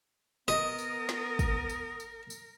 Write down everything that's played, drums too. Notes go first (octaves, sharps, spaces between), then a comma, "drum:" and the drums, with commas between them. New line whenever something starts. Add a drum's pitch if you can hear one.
B3 A#4 D#5 D#6, drum: snare
drum: tambourine
drum: snare
drum: kick, tambourine
drum: tambourine
drum: tambourine
drum: tambourine